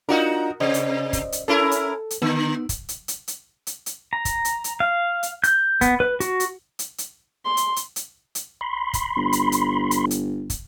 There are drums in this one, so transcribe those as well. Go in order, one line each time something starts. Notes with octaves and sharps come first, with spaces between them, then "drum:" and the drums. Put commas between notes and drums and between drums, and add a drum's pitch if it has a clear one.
D4 D#4 F4 F#4 A#4 D#5
C3 C5 D5 D#5
drum: hi-hat
drum: kick, hi-hat
drum: hi-hat
C#4 E4 A4 A#4
drum: hi-hat
drum: hi-hat
D3 B3
drum: kick, hi-hat
drum: hi-hat
drum: hi-hat
drum: hi-hat
drum: hi-hat
drum: hi-hat
A#5
drum: kick, hi-hat
drum: hi-hat
drum: hi-hat
F5
drum: hi-hat
G6, drum: hi-hat
B3, drum: kick, hi-hat
B4
F#4, drum: hi-hat
drum: hi-hat
drum: hi-hat
drum: hi-hat
C6
drum: hi-hat
drum: hi-hat
drum: hi-hat
drum: hi-hat
B5 C6
drum: kick, hi-hat
G1
drum: hi-hat
drum: hi-hat
drum: hi-hat
drum: hi-hat
drum: kick, hi-hat